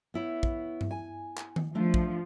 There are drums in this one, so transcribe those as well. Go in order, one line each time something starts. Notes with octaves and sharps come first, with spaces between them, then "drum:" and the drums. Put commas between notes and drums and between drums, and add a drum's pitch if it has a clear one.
B3 E4 C#5
drum: kick
drum: tom G2
G#5
drum: clap
drum: tom D#3
F3 A3 D4
drum: kick